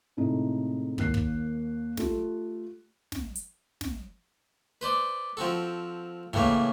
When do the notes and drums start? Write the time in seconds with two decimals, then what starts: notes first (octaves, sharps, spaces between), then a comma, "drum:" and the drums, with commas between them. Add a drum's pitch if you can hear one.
0.17 A2 C3 G#3 A3 D#4 E4
0.98 D#2 A#3 F#6 C7, drum: kick
1.14 drum: kick
1.97 A3 F4 G4, drum: snare
3.12 drum: snare
3.36 drum: hi-hat
3.81 drum: snare
4.81 B4 C5 D5
5.37 F3 C4 F#4 A4
6.33 A2 C#3 E3 A3 A#3, drum: kick